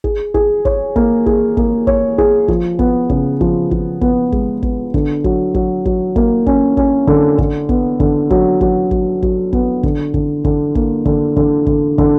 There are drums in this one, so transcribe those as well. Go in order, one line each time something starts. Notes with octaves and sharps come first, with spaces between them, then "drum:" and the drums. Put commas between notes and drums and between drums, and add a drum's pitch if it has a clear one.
G#4, drum: kick
G#4, drum: kick
C#5, drum: kick
A#3, drum: kick
G#4, drum: kick
A#3, drum: kick
C#5, drum: kick
G#4, drum: kick
F3, drum: kick
B3, drum: kick
C#3, drum: kick
F3, drum: kick
F3, drum: kick
B3, drum: kick
G#3, drum: kick
B3, drum: kick
D3, drum: kick
F#3, drum: kick
F#3, drum: kick
F#3, drum: kick
A#3, drum: kick
C#4, drum: kick
C#4, drum: kick
D3, drum: kick
D3, drum: kick
B3, drum: kick
D3, drum: kick
F#3, drum: kick
F#3, drum: kick
F#3, drum: kick
F#3, drum: kick
B3, drum: kick
D3, drum: kick
D3, drum: kick
D3, drum: kick
A#3, drum: kick
D3, drum: kick
D3, drum: kick
D3, drum: kick
D3, drum: kick